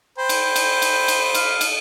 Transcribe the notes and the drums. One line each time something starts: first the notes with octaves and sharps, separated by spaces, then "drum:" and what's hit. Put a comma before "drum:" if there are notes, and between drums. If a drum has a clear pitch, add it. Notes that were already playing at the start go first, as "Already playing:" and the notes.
C5 G5 B5
drum: cymbal
drum: cymbal
drum: cymbal
drum: cymbal
F5, drum: cymbal
drum: cymbal